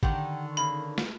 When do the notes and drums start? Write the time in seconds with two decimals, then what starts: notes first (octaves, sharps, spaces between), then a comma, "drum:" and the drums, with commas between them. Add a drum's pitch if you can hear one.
0.03 D3 D#3 G4 F#5 G5, drum: kick
0.57 F#2 C#3 A#3 B5
0.98 drum: snare